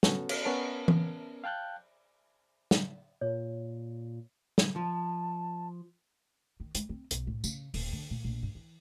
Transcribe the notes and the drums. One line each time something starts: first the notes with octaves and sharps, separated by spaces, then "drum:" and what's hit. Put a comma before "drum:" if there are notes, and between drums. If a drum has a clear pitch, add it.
B3 C#4 F#4 A4, drum: snare
drum: cymbal
B3 C#4 A#4 A5
drum: tom E3
F5 G5 A5 F#6 G6
drum: snare
A#2 C#5
drum: snare
F3 A5
D#3
G#3, drum: hi-hat
C4
B1, drum: hi-hat
A2
C#3, drum: tambourine
D#1, drum: open hi-hat
D3
A#2
A#1
G2
E3